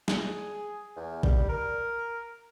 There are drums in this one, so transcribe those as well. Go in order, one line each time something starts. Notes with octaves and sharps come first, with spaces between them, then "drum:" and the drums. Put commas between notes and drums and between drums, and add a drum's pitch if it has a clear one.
G#4, drum: snare
E2
G3, drum: kick A1
A#4